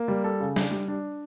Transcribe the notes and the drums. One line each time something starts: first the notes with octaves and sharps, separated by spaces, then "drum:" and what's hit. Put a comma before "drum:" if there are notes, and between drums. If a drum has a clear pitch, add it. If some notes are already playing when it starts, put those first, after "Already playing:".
Already playing: A#3
G3
A4
C#3
D4, drum: snare
G3
D4